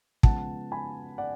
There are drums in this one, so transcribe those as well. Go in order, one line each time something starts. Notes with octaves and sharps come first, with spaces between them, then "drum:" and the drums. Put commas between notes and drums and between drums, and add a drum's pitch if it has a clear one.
C#3 F3 G#3 B3 F#5 A5, drum: kick
G#5 B5
D5 F#5